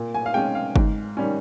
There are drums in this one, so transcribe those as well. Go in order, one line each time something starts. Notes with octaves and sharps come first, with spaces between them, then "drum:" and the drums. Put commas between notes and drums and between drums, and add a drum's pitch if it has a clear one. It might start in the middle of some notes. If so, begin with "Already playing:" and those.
Already playing: A#2
G#5
F5
G#3 C#4 G5
F5
G#2, drum: kick G1
D#3 G3 C#4